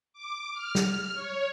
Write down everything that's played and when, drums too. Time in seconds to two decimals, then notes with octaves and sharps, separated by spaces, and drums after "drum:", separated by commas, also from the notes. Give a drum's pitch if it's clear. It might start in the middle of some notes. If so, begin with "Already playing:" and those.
0.13 D6
0.53 F6
0.75 drum: snare
1.14 C#5